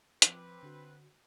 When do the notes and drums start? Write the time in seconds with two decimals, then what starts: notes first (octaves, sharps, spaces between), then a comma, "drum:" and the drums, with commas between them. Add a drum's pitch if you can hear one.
0.22 F3 C4 B4 D6, drum: hi-hat
0.63 D3 F#4